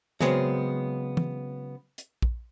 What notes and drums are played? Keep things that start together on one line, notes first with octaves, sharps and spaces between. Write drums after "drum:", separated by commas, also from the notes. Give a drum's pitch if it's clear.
C#3 F#3 G#3 B3 C4, drum: snare
drum: tom
drum: hi-hat
drum: kick A#1